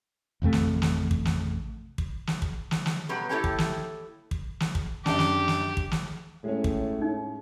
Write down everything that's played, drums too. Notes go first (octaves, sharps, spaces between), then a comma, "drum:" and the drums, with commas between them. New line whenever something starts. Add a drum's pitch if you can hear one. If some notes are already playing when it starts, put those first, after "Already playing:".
A1 F2 C3 A3
drum: snare
drum: snare
drum: kick
drum: snare
drum: kick
drum: snare
drum: kick
drum: snare
drum: snare
B2 F#3 G3 B4 C#5
A#3 E4 G4 A4 C#5 G5
drum: kick
drum: snare
drum: kick
drum: snare
drum: kick
F#2 D4 G4, drum: snare
drum: snare
drum: snare
drum: kick
drum: snare
A2 G#3 C#4
drum: kick
D#4